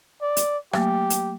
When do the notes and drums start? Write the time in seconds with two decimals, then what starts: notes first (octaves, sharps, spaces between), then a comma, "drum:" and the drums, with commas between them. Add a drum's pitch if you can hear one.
0.22 D5
0.37 drum: hi-hat
0.73 F#3 A3 A#3 G4, drum: rim click
1.10 drum: hi-hat